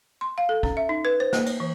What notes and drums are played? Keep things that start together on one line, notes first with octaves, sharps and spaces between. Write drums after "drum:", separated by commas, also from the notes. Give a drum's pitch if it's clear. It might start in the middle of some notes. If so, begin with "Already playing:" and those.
C6
F5
A4
C#4, drum: kick
E5
D#4
B4
C5
A#3, drum: snare
C#5, drum: cymbal
E3